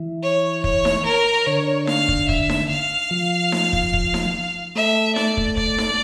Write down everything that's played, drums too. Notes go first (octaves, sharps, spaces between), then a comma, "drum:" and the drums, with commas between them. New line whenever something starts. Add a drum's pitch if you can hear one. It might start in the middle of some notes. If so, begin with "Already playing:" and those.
Already playing: E3
C#5
C#5, drum: kick
drum: snare D#4
A#4
D3 C#5
F5, drum: snare D#4
drum: kick
E5, drum: kick
drum: snare D#4
F5
F3
drum: snare D#4
drum: kick
drum: kick
drum: snare D#4
A3 E5
D5, drum: snare D#4
drum: kick
D5, drum: kick
drum: snare D#4